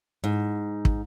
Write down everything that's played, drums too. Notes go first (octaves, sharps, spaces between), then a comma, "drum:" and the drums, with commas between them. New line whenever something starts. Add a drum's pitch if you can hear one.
G#2
drum: kick